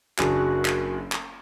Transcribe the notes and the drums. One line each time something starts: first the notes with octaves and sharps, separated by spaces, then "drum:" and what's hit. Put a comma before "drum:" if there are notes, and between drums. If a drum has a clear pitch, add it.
F#1 D4 F#4 G#4, drum: clap
drum: clap
drum: clap